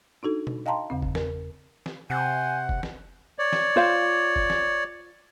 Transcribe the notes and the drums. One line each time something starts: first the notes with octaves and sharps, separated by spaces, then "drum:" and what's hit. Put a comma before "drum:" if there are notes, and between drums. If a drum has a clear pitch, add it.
D4 D#4 F#4 A4
drum: tom B2
D#5 F5 G5 A5 A#5 C6
E2 C#3 C4
drum: kick
A#4, drum: snare
drum: snare
C3 C5 F#5 G#5
drum: kick
drum: snare
C#5 D5
drum: snare
F4 C5 F5
drum: kick
drum: snare